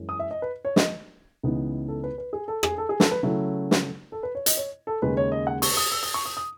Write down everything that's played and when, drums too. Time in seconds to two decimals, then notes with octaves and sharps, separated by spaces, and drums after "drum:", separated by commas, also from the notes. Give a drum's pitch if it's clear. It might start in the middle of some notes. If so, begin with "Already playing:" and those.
Already playing: F#2 E3 G#3 C#4
0.09 D#6
0.19 E5
0.31 D#5
0.42 B4
0.65 C#5
0.76 D#5, drum: snare
1.43 C#2 C#3 E3 B3 D#4
1.88 A4
2.04 B4
2.18 B4
2.33 G#4
2.48 A4
2.63 G#4, drum: rim click
2.78 A4
2.89 G#4
3.00 A4, drum: snare
3.11 B4
3.23 C#3 F#3 A3 C#4 E4
3.71 drum: snare
4.12 A4
4.23 B4
4.35 C#5
4.46 D#5, drum: hi-hat
4.57 C#5
4.87 A4
5.02 D#2 C#3 G#3 B4
5.17 C#5
5.32 D#5
5.47 F#5
5.62 C#6, drum: open hi-hat
5.77 D#6
5.92 E6
6.03 D#6
6.14 C#6
6.25 D#6
6.37 D#6